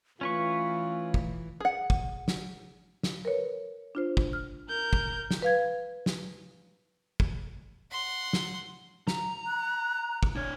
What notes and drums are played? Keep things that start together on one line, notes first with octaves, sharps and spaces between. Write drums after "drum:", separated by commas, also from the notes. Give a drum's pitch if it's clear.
E3 A3 C#4 F4 B4 C#6
drum: kick
G#4 F#5
drum: kick
drum: snare
drum: snare
A#4 B4 C#5
D4 F4 C5
drum: kick
F6
A#4 G6
drum: kick
drum: snare
B4 F5 G#6
drum: snare
drum: kick
F#5 C6
drum: snare
A#5, drum: snare
F#6
drum: kick
D4 C#5 G#6